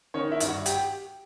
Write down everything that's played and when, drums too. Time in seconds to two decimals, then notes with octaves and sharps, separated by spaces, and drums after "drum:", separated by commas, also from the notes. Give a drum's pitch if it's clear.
0.14 D#3 C#4 C#5
0.31 E4 E5
0.40 G2, drum: hi-hat
0.48 F#4 F#5
0.66 G4 G5, drum: hi-hat